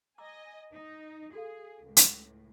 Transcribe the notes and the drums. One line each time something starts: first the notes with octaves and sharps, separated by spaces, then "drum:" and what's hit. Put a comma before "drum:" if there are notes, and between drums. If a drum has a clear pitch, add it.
D#5 G#5 A#5 D6 E6
D#4
F#4 G#4 A4 F5
C#2 A2
drum: hi-hat